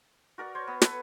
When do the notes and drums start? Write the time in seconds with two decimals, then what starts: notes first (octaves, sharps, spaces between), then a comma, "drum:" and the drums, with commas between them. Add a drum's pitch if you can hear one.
0.38 F#4 A#4 D5
0.55 C5 C#5
0.67 B3
0.82 A4 B4, drum: snare